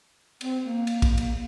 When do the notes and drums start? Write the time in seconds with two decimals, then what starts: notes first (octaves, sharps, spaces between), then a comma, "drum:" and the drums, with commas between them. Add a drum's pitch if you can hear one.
0.41 C4, drum: cymbal
0.64 A#3
0.87 drum: cymbal
1.02 drum: kick, cymbal
1.18 drum: cymbal